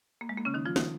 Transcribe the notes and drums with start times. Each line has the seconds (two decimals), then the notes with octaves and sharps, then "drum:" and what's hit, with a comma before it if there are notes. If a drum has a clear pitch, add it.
0.21 A#3
0.29 G#3
0.38 A#3
0.45 C#3 C#4
0.54 D#3 D#4
0.65 F3 F4
0.76 D#3 D#4, drum: snare